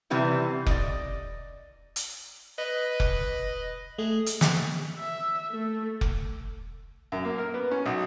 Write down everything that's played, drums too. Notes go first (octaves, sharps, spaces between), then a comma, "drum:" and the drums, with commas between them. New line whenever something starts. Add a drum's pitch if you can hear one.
C3 E3 G3 B3
D5 D#5, drum: kick F1
drum: hi-hat
B4 D#5
drum: kick F1
A3 G#4
drum: hi-hat
drum: snare
E5
A3
drum: kick F1
F#2
A#3
A#4
B3
C#4
B1